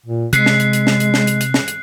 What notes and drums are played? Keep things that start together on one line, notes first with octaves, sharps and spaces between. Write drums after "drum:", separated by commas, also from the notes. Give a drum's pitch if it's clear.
A#2
C3 G#3 F#6 C7, drum: hi-hat
drum: snare
drum: hi-hat
drum: hi-hat
drum: snare
drum: hi-hat
drum: snare
drum: hi-hat
drum: hi-hat
drum: snare
drum: hi-hat